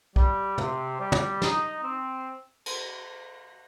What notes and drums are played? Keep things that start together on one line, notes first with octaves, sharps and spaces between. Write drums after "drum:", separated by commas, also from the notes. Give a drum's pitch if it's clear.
G3, drum: kick
C3, drum: tom
G3
drum: tom
D#4, drum: snare
C4
drum: cymbal